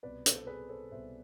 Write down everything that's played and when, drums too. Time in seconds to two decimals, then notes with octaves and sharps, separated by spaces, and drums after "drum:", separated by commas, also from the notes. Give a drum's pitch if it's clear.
0.03 C2 B2 B4 D5
0.26 A4 C5, drum: hi-hat
0.47 G#4 B4
0.69 A4 C5
0.91 C2 B2 C5 E5